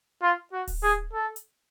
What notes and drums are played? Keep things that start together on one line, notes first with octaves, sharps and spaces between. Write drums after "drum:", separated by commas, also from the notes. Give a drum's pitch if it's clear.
F4
F#4
drum: kick D1, open hi-hat
G#4
A4
drum: hi-hat